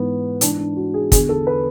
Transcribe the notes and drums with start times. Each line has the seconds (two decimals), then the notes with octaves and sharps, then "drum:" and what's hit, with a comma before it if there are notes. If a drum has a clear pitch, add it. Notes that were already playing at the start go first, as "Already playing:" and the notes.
Already playing: G#2 E3 B3
0.41 G#2 E3 D4, drum: hi-hat
0.59 D4
0.76 F#4
0.94 G#4
1.12 E2 D3 G#4, drum: kick, hi-hat
1.29 A4
1.47 B4